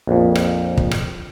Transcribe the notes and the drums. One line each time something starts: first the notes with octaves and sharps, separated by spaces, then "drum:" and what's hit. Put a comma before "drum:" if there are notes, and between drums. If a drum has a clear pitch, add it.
A#1 F2
drum: rim click
drum: kick
drum: rim click